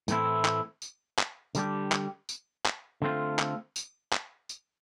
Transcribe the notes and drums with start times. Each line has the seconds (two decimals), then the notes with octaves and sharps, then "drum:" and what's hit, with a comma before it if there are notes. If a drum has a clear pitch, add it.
0.08 A2 E3 A3 C4 E4, drum: tambourine
0.45 drum: clap
0.82 drum: tambourine
1.19 drum: clap
1.55 D3 G3 D4 G4, drum: tambourine
1.92 drum: clap
2.29 drum: tambourine
2.66 drum: clap
3.02 D3 A3 C4 F4
3.39 drum: clap
3.76 drum: tambourine
4.13 drum: clap
4.49 drum: tambourine